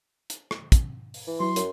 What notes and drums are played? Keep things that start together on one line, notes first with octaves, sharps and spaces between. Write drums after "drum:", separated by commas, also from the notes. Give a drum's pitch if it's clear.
drum: hi-hat
drum: rim click
drum: kick, hi-hat
drum: open hi-hat
E3
F#3 E4 C6
F#2, drum: hi-hat